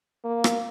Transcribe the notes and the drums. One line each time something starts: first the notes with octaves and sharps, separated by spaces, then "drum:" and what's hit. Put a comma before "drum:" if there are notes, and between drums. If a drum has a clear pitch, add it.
A#3
drum: rim click